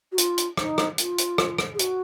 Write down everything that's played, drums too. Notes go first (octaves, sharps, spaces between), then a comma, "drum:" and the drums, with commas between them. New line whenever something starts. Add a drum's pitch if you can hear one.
F#4
F4, drum: hi-hat
drum: hi-hat
D#4, drum: rim click
drum: rim click
F4, drum: hi-hat
drum: hi-hat
drum: rim click
drum: rim click
G#4
F#4, drum: hi-hat